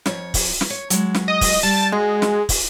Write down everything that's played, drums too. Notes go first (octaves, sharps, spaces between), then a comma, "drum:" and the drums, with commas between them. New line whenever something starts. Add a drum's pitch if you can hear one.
F2 C#5, drum: snare
drum: kick, open hi-hat
drum: snare
C#5
F#3 G#3, drum: hi-hat
drum: snare
D#5
drum: kick, open hi-hat
G3 A5
G#3 F#4
drum: snare
drum: kick, open hi-hat